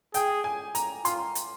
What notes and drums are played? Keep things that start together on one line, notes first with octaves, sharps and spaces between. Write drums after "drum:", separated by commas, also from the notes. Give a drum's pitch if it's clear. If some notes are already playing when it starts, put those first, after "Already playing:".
G#4 G5, drum: hi-hat
G#5
A#5, drum: hi-hat
F4 C6, drum: hi-hat
drum: hi-hat